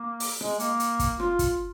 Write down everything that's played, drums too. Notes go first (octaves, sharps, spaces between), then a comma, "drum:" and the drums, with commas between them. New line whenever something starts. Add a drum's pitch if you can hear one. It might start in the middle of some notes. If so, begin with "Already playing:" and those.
Already playing: A#3
drum: open hi-hat
G#3, drum: rim click
A#3, drum: hi-hat
drum: hi-hat
drum: kick, hi-hat
F4, drum: rim click
drum: kick, hi-hat